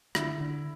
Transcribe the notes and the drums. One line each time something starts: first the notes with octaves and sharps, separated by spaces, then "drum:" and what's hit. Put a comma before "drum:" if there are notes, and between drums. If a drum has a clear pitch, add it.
D3 E4, drum: rim click
D3